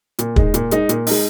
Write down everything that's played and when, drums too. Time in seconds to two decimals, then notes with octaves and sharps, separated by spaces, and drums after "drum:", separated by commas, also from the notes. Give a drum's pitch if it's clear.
0.19 A#2, drum: hi-hat
0.36 G#3 D#4, drum: kick
0.54 A#2, drum: hi-hat
0.71 G#3 D#4, drum: hi-hat
0.89 A#2, drum: hi-hat
1.07 G#3 D#4, drum: open hi-hat